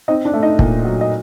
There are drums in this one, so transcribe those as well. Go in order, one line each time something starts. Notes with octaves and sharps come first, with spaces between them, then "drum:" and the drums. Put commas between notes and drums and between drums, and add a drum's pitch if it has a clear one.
C4 D#4 D#5
D4 D5
A3
D#4 D#5
A#2, drum: kick
F#3
D#5